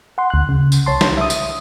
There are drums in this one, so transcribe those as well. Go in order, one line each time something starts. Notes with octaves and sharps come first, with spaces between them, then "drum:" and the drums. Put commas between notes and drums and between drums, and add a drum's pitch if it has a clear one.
F#5 C6
D2 F#6
C#3
drum: tambourine
C2 C#5 A5 C6
drum: snare
E5 D#6
drum: tambourine